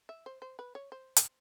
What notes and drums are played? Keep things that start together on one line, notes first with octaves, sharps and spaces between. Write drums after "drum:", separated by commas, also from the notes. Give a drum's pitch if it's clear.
E5
C5
C5
B4
C#5
C5
drum: hi-hat